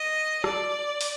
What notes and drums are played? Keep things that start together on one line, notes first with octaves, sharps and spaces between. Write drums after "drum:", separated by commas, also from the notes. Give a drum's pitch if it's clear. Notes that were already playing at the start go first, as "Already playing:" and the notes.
Already playing: D#5
D5, drum: rim click
drum: open hi-hat